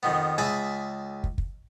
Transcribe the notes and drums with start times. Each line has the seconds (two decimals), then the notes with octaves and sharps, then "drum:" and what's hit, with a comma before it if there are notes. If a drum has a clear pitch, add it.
0.03 F2 D#3 B3
0.38 C#2 G#4 E5 G#5 A5 B5
1.24 drum: kick
1.38 drum: kick